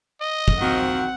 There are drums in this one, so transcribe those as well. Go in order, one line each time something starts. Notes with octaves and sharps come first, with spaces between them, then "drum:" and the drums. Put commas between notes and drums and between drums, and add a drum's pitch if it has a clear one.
D#5
drum: kick
D#3 F3 C4 F#4 F#5